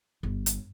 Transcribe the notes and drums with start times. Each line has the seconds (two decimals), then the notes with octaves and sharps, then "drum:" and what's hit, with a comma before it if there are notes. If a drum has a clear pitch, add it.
0.23 G1
0.46 drum: hi-hat